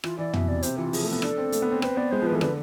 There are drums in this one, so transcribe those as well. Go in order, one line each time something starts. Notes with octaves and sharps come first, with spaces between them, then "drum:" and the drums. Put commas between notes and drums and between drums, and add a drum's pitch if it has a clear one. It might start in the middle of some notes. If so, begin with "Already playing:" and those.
E3 F4, drum: rim click
E3 D5
B2 E5, drum: tom
C3 D5
C3 C5, drum: hi-hat
E3 F4
F3 G#4, drum: open hi-hat
A3
B3 A4
D4, drum: rim click
C4
A3, drum: hi-hat
B3
C4
C4 B4, drum: rim click
B3 D5
G#3 C5
F3 B4
E3 A4
D3 B4, drum: rim click